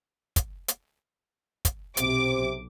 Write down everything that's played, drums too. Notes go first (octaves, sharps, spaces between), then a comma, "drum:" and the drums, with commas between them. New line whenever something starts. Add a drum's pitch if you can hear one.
drum: kick, hi-hat
drum: hi-hat
drum: kick, hi-hat
B1 C3 D6, drum: hi-hat